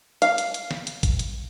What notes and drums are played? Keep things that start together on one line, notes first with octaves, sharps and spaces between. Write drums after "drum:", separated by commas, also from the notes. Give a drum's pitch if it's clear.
F5, drum: hi-hat
drum: hi-hat
drum: hi-hat
drum: snare
drum: hi-hat
drum: kick, hi-hat
drum: hi-hat